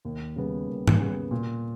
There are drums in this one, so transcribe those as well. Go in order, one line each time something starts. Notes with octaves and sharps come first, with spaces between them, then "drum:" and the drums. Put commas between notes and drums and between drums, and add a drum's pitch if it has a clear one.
D#2
C#3 G3 B3
D#2
drum: tom G#2
C#3 G3 B3
A#2